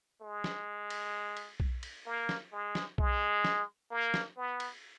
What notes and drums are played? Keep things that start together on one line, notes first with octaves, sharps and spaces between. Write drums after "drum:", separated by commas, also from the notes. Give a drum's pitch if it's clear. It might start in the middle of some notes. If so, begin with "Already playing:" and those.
G#3
drum: snare
drum: cymbal
drum: cymbal
drum: kick B1
drum: cymbal
A#3
drum: snare
G#3
drum: snare
G#3, drum: kick B1
drum: snare
A#3
drum: snare
B3
drum: cymbal